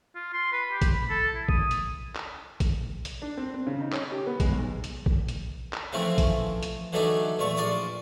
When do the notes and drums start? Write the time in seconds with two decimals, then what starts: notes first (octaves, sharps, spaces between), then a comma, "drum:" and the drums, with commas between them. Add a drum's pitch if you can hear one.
0.15 F4
0.33 C6
0.52 B4
0.71 G4
0.82 drum: kick A#1, hi-hat
0.94 B5
1.10 A4
1.35 E4
1.49 D#6, drum: kick A#1
1.71 drum: hi-hat
2.16 drum: clap
2.60 drum: kick A#1, hi-hat
3.05 drum: hi-hat
3.22 D4
3.37 C4
3.54 C4
3.67 C#3
3.81 D#4
3.93 C#4, drum: clap
4.11 G4
4.27 B3
4.40 G#3, drum: kick A#1, hi-hat
4.52 B1
4.84 drum: hi-hat
5.06 drum: kick A#1
5.28 drum: hi-hat
5.73 drum: clap
5.93 C#3 E3 F3 A3 C4
6.18 drum: kick A#1, hi-hat
6.63 drum: hi-hat
6.93 D3 E3 F#3 A3 D4 D#4
7.39 E2 A#2 A3 C#6
7.57 A#1 F4 D5 C#6 D#6